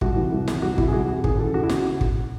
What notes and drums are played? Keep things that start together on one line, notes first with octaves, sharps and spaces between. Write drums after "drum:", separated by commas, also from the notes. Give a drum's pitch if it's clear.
C2 F#4, drum: kick
C3 E3
C2
C3 E3, drum: snare
C2 F#4
C3 E3 E4, drum: kick
G#4
C2 F#4
C3 E3
D#2 G#4, drum: kick
C#3 E3 A4
D#2 F#4
E4
C#3 F#4, drum: snare
drum: kick